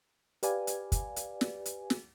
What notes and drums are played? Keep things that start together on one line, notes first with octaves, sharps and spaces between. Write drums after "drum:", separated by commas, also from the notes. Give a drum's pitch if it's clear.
G4 B4 D5 F5 G#5, drum: hi-hat
drum: hi-hat
drum: kick, hi-hat
drum: hi-hat
drum: snare
drum: hi-hat
drum: snare